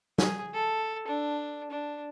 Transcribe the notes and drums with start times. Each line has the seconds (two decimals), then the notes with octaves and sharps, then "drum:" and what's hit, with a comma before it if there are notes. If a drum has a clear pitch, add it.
0.18 G#4, drum: snare
0.54 A4
1.08 D4
1.71 D4